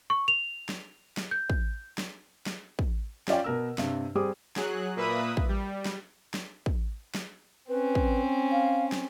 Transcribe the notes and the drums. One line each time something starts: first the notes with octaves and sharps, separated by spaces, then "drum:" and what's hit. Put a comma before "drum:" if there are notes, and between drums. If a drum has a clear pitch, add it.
C#6
F7
drum: snare
drum: snare
G6
drum: kick
drum: snare
drum: snare
drum: kick
C#4 F4 D5 F5 G5, drum: snare
B2 A#4 E6
G2 C3, drum: snare
G3 C4 G#4 D6 D#6
F#3 G#4 F#6, drum: snare
A#2 A#3 B4 E5 B5 D#6
drum: kick
G3
drum: snare
drum: snare
drum: kick
drum: snare
C4 C#4 B4
drum: kick
F5
drum: snare